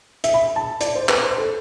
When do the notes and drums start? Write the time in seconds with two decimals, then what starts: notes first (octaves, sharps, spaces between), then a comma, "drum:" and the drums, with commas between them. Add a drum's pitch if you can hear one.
0.24 E5, drum: hi-hat
0.34 B5
0.56 A5
0.81 D5, drum: hi-hat
0.95 C5
1.09 B4, drum: clap
1.23 C5
1.38 A4